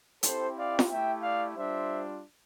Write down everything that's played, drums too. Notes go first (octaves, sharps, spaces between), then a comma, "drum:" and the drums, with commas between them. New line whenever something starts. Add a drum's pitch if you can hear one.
C4 E4 G4 A4 C5, drum: hi-hat
D5 F5
drum: snare F4
A3 E4 G4 E5 G5
D5 F5
G3 D4 F4 C5 E5